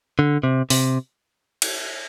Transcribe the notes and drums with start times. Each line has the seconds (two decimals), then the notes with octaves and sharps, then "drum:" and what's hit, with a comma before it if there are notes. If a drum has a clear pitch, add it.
0.19 D3
0.43 C3
0.70 C3, drum: open hi-hat
1.62 drum: cymbal